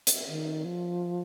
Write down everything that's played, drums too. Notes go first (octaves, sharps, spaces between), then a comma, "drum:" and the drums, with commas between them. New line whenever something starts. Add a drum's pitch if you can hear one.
drum: hi-hat
D#3
F3